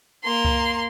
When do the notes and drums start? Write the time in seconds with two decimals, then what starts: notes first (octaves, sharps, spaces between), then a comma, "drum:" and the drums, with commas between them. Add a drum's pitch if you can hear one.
0.25 A#3 C6
0.45 drum: kick C#2